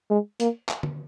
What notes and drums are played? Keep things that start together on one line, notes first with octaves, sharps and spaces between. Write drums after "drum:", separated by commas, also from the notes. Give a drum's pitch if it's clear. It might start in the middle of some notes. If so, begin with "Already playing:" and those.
G#3
A#3, drum: hi-hat
drum: clap
drum: tom D3